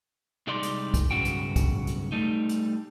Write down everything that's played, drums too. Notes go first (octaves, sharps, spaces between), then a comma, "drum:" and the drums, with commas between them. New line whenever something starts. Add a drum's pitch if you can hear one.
C2 G3 G#3 D#4 D5 C6
drum: hi-hat
drum: kick, hi-hat
B1 G2 C#3 F#4 G5
drum: hi-hat
drum: kick, hi-hat
drum: hi-hat
G3 A3 D#4
drum: hi-hat